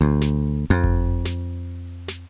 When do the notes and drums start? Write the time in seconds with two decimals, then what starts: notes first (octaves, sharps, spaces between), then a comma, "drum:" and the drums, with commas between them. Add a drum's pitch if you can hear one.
0.01 D2
0.21 drum: snare
0.70 F2
0.84 drum: kick F#1
1.25 drum: snare
2.08 drum: snare